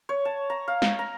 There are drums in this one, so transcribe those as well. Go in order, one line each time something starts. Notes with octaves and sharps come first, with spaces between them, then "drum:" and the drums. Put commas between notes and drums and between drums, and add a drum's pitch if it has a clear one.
C#5
A5
A#5
F5
drum: snare
A#5